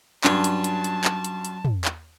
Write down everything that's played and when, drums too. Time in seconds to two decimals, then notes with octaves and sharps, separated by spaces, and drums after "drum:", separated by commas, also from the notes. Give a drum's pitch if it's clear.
0.24 G2 F#3 C#4 F4 A5, drum: clap
0.44 drum: hi-hat
0.64 drum: hi-hat
0.84 drum: hi-hat
1.04 drum: clap
1.24 drum: hi-hat
1.45 drum: hi-hat
1.65 drum: tom
1.85 drum: clap